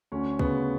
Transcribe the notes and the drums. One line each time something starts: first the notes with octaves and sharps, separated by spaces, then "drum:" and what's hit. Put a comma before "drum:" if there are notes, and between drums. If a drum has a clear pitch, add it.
D2 C#4
C#3 B3, drum: kick